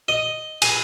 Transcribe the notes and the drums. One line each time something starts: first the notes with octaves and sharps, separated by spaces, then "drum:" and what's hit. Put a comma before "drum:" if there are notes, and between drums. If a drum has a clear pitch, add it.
D#5
G#5, drum: cymbal